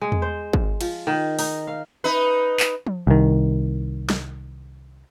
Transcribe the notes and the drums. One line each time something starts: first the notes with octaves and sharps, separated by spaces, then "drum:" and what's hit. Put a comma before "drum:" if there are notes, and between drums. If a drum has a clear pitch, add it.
G#3
drum: tom E2
C5
drum: kick
F3, drum: cymbal
D#3
D#4, drum: open hi-hat
F5
D#4 B4
drum: clap
drum: tom F3
C2 D#3
drum: snare